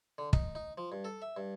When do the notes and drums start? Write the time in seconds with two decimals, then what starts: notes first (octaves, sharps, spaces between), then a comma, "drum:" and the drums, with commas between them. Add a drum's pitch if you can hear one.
0.18 D3
0.33 D#4, drum: kick
0.55 D#4
0.78 F3
0.92 G2
1.05 A4
1.22 E5
1.37 G2